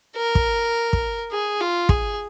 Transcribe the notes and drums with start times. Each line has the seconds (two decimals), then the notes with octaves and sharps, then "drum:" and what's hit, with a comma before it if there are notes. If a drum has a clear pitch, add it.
0.16 A#4
0.35 drum: kick
0.93 drum: kick
1.32 G#4
1.60 F4
1.89 G#4, drum: kick